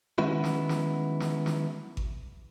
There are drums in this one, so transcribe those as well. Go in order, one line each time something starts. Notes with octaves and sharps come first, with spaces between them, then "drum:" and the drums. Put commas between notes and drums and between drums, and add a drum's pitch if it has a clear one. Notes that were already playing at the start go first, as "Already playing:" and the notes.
D#3 G#3 B3 C#4 E4 F#4
drum: snare
drum: snare
drum: snare
drum: snare
drum: kick G#1